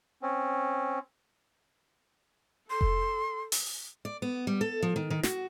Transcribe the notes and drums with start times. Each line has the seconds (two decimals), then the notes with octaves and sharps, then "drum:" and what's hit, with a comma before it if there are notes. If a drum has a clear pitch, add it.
0.22 C4 C#4
2.70 A4 C6
2.81 drum: kick F1
3.52 drum: open hi-hat
4.05 D5
4.22 B3
4.47 G3
4.61 A4
4.82 F3
4.96 D#3
5.10 D#3
5.23 F#4, drum: snare